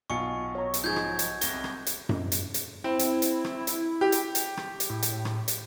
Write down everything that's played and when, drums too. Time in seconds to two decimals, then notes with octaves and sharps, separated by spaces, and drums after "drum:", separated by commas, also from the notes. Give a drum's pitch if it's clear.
0.10 B1 F4 G#5 C#6 C#7
0.55 C#5 A#5
0.74 drum: hi-hat
0.84 G#2 F3 D#4 G#4 G6 G#6
0.96 drum: rim click
1.19 drum: hi-hat
1.41 C2 A#6 G7, drum: hi-hat
1.64 drum: rim click
1.87 drum: hi-hat
2.09 drum: tom F#2
2.32 drum: hi-hat
2.54 drum: hi-hat
2.84 C4 E4
2.99 drum: hi-hat
3.22 drum: hi-hat
3.45 drum: rim click
3.67 drum: hi-hat
4.01 G4
4.12 drum: hi-hat
4.35 drum: hi-hat
4.57 drum: rim click
4.80 drum: hi-hat
4.90 A2
5.03 drum: hi-hat
5.25 drum: rim click
5.48 drum: hi-hat